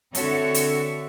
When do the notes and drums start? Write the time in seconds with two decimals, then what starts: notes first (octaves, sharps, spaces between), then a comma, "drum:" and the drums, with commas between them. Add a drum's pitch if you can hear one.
0.15 D3 C4 F#4 A4 C#5 E5, drum: hi-hat
0.54 drum: hi-hat